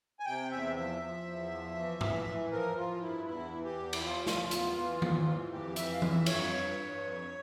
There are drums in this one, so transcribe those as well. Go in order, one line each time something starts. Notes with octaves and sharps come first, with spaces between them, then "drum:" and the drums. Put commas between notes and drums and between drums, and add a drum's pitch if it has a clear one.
G#5
C3 G5
E2 E5
F3 E5
F3
E2
F3
E3
E3, drum: tom G2
E3
F3 A#4
F3 F4
G2 E4
E2 E4
E3
G4
E2
E4, drum: cymbal
F3 F4
F3, drum: snare
E2, drum: hi-hat
E3
G#2, drum: tom D#3
E3
F2 G4
E3 E5, drum: hi-hat
F5
F2 E5, drum: tom E3
G2 C#5, drum: cymbal
G2
G2
F2